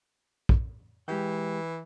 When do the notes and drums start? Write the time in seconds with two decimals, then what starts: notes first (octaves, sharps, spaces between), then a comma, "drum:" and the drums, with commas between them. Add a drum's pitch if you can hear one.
0.49 drum: kick
1.08 E3 G#3 G4 G5